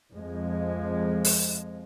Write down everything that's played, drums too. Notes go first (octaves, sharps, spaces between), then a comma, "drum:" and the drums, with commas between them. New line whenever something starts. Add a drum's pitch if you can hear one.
F2 F3 G#3
drum: open hi-hat